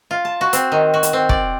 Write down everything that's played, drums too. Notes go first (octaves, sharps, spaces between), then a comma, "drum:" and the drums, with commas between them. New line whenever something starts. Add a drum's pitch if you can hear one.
F4
A5
F#4
C4, drum: hi-hat
D#3
F#4
drum: hi-hat
C4
D5, drum: kick